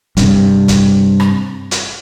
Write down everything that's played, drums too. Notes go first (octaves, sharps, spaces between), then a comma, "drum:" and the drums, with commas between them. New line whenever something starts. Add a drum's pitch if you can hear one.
G2 C3, drum: kick, hi-hat
drum: kick, hi-hat
drum: rim click
drum: hi-hat